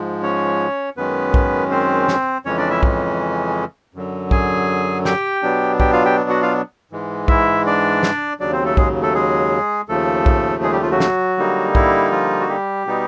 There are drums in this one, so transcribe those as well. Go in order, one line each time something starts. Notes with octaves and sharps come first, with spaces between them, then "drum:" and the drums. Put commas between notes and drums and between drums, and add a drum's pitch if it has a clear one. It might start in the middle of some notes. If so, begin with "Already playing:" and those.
Already playing: G#2 F3 G#3
C#4 C#5
F#2 D#3 G#3 B3 C#4 B4
drum: kick B1
C4 C5
drum: snare
F2 C#3 E3 G#3 C#4 C#5
D4 D5
E4 E5
drum: kick B1
F#2 D3 F#3
G#4 G#5, drum: kick B1
G4 G5, drum: snare
B2 F#3 B3 D4
G4 G5, drum: kick B1
F4 F5
G4 G5
F#4 F#5
F4 F5
G#2 E3 G#3
E4 E5, drum: kick B1
D4 D5
drum: snare
D#2 C#3 F#3 D4 D5
C4 C5
A3 A4
G#3 G#4, drum: kick B1
A3 A4
G#3 G#4
D#2 C#3 F3 A3 A4
drum: kick B1
G#3 G#4
G3 G4
F3 F4
F#3 F#4
drum: snare
D3 G3 A#3 D#4
E4, drum: kick B1
F3 F4
F#4
G3 G4
B2 G3 B3 D#4